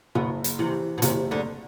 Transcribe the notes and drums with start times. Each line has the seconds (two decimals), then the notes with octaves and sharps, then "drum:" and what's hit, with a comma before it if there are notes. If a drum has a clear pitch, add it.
0.15 F#1 B2
0.44 drum: hi-hat
0.59 C3 E3
0.98 B2
1.02 F#1 C3, drum: hi-hat
1.31 D2 D3